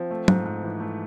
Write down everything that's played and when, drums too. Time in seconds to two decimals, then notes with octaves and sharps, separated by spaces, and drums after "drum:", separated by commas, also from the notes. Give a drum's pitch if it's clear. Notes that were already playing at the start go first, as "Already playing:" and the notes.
Already playing: F3 C4
0.11 A3
0.28 G#2, drum: tom
0.45 G#2
0.63 E3
0.80 A3